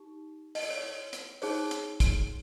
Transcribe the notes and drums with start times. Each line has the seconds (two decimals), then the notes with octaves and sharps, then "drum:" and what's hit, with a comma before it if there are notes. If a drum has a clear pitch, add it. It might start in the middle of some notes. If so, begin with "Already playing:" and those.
Already playing: D#4 G4
0.55 D#5, drum: open hi-hat
0.63 D5
0.70 C#5
0.78 D5
1.13 drum: hi-hat
1.42 D#4 G#4 C5 C#5, drum: open hi-hat
1.71 drum: hi-hat
2.00 drum: kick, hi-hat